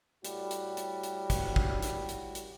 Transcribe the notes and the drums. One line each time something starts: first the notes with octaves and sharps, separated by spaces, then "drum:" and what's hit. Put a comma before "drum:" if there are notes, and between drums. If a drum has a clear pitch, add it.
A2 G3 F#4 G4, drum: hi-hat
drum: hi-hat
drum: hi-hat
drum: hi-hat
drum: kick, hi-hat
drum: kick
drum: hi-hat
drum: hi-hat
drum: hi-hat